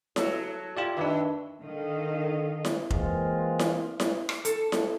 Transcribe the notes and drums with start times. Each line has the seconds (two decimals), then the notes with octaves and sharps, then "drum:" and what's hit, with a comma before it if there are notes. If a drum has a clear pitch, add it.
0.16 F#3 A4, drum: snare E4
0.77 E4 F4 G4 D5
0.97 D#3 A3 D4 B4 E5
1.60 D3 D#3 D#4 A4 D#5 F5
2.65 drum: snare E4
2.90 E3 G#3 A#3 C4 F4, drum: kick F1
3.59 drum: snare E4
4.00 drum: snare E4
4.29 drum: rim click
4.45 A4, drum: hi-hat
4.72 drum: snare E4